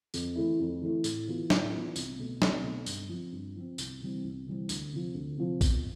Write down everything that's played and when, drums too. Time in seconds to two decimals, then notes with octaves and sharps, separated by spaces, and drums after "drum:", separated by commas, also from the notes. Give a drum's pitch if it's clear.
0.14 F2, drum: tambourine
0.36 E3 A3 E4
0.60 F2
0.82 E3 A3 E4
1.04 A2, drum: tambourine
1.28 E3 B3 F4
1.50 A2, drum: snare
1.73 E3 B3 F4
1.96 C2, drum: tambourine
2.19 B2 A3
2.42 C2, drum: snare
2.64 B2 A3
2.86 G2, drum: tambourine
3.09 F3 C4
3.32 G2
3.56 F3 C4
3.78 C2, drum: tambourine
4.01 C3 E3 G3 C4
4.24 C2
4.46 C3 E3 G3 C4
4.69 D2, drum: tambourine
4.93 C3 F3
5.14 D2
5.37 C3 F3
5.61 B2, drum: kick A#1, tambourine